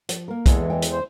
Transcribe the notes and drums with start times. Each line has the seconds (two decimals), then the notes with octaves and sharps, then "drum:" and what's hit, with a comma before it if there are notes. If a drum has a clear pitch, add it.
0.09 F3, drum: hi-hat
0.28 A#3 A#4
0.46 E2 G#3 A4, drum: kick, hi-hat
0.57 E3
0.70 D#5 G5
0.82 drum: hi-hat
0.91 C5